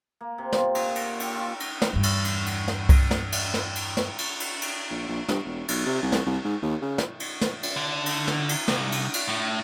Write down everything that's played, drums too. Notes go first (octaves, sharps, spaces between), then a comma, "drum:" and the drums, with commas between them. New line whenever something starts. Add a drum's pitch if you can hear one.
A#3
C3
F4, drum: snare
A#2, drum: cymbal
drum: cymbal
G4, drum: cymbal
F4
drum: cymbal
drum: snare
E2 G2
drum: cymbal
drum: cymbal
drum: cymbal
drum: snare
drum: kick C2, cymbal
drum: snare
drum: cymbal
drum: snare
drum: cymbal
drum: snare
drum: cymbal
drum: cymbal
drum: cymbal
A#1
A#1
G2, drum: snare
E1
B1, drum: cymbal
C3
C2
drum: snare
C2
G#2
D#2
C#3
drum: snare
drum: cymbal
drum: snare
drum: cymbal
D3
drum: cymbal
drum: snare
drum: cymbal
C2, drum: snare
drum: cymbal
drum: cymbal
A2